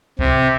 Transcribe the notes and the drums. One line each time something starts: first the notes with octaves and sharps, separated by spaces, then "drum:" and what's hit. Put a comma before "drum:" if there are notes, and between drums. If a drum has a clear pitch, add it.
C3, drum: kick C#2